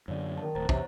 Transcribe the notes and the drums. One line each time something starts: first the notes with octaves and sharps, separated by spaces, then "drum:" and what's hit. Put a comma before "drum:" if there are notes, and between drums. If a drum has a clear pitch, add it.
F#2 D3 C#5 D5
D#3 A5
D1 C5 A#5 A6
E2 C3 C5 C#5, drum: kick